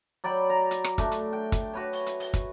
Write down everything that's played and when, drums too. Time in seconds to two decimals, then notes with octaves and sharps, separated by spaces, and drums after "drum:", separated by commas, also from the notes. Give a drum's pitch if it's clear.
0.24 F#3 D5 G5 B5
0.50 A#5
0.71 drum: hi-hat
0.84 drum: rim click
0.98 A3 D4, drum: kick, hi-hat
1.12 drum: hi-hat
1.33 G5
1.52 drum: kick, hi-hat
1.73 F#4 B4 C#5
1.93 drum: open hi-hat
2.06 drum: hi-hat
2.20 drum: open hi-hat
2.34 drum: kick, hi-hat